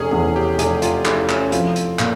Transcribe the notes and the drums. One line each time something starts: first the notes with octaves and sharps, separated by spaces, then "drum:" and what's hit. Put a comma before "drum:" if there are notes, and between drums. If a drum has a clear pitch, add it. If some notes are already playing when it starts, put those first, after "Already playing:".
Already playing: F1 C#4 G#4
E2 G#4
G4
F1 G#4, drum: hi-hat
F4, drum: hi-hat
F1 E4, drum: clap
C#4, drum: clap
F3 C4, drum: hi-hat
drum: hi-hat
A#2 A#3, drum: clap